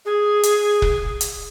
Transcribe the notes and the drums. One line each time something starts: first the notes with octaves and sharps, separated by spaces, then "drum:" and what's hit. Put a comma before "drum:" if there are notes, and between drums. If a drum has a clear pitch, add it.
G#4
drum: hi-hat
drum: kick
drum: hi-hat